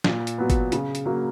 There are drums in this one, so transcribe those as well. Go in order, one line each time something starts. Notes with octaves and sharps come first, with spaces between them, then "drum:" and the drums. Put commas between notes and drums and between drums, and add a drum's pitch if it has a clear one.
A#2, drum: snare
drum: hi-hat
F#3 B3
drum: kick, hi-hat
C#3, drum: hi-hat
drum: hi-hat
F#3 A#3